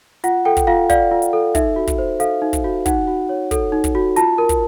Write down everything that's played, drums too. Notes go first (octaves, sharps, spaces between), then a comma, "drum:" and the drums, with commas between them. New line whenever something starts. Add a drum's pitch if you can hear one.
F4 F#5, drum: hi-hat
A4 G5
drum: kick, hi-hat
F4 F5
D5 F5, drum: kick, hi-hat
F4
drum: hi-hat
A4
D#4 E5, drum: kick, hi-hat
F#4
drum: kick, hi-hat
C5
A4 F5, drum: hi-hat
D#4
drum: kick, hi-hat
F#4
D#4 F#5, drum: kick, hi-hat
F#4
C#5
A4, drum: kick, hi-hat
D#4
drum: kick, hi-hat
F#4
F4 A5, drum: hi-hat
A#4
drum: kick, hi-hat